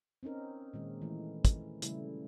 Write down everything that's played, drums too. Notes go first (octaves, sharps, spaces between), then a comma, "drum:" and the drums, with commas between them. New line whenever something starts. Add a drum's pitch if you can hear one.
C4 C#4 D#4 A#4
A#2 D#3 G#3
E3 A3
drum: kick, hi-hat
C#3 G3 A3 E4, drum: hi-hat